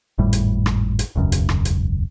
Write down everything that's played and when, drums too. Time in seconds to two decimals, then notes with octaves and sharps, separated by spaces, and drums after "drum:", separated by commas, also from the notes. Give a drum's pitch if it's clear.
0.18 G#1 F2 A2 G3
0.33 drum: hi-hat
0.66 drum: rim click
0.99 drum: hi-hat
1.15 E1 C#2 F#2 C#3
1.32 drum: hi-hat
1.49 drum: rim click
1.65 drum: hi-hat